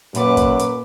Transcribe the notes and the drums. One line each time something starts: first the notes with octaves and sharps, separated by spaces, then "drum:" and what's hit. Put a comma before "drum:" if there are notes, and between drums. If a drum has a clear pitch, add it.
F#2 A#2 B4 D6, drum: hi-hat
drum: kick, hi-hat
drum: hi-hat